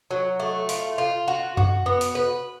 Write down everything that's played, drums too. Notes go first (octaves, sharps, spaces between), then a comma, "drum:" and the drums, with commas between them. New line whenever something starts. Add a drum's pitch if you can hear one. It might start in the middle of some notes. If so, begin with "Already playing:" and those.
F#3
A3
F4, drum: open hi-hat
F4
F#4
F#4, drum: tom F#2
B3
drum: open hi-hat
B4